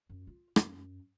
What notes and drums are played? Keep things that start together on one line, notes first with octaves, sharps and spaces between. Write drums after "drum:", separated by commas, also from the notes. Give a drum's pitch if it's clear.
F#2
F4
F#2, drum: rim click